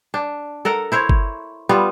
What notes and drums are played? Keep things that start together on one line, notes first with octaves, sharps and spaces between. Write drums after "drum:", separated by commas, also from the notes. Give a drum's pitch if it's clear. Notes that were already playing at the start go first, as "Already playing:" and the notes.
D4
A4 A#4 F#5
E4 C5 C#5
drum: kick G1
G3 B3 F4